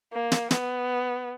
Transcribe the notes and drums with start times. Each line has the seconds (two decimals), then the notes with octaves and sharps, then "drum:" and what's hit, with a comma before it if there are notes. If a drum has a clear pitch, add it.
0.13 A#3
0.32 drum: snare
0.51 B3, drum: snare